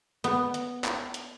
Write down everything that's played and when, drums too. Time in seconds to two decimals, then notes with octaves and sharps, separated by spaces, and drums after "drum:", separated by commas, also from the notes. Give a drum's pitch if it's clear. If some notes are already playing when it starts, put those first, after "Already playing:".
0.24 B3, drum: hi-hat
0.54 drum: hi-hat
0.84 drum: clap
1.14 drum: hi-hat